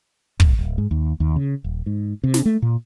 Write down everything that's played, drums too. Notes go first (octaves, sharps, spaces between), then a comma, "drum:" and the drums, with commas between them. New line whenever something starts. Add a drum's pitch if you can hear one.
D1, drum: kick
D1
G#2
D#2
D#2
C#3
D#1
G#2
C3
drum: snare
A3
A#2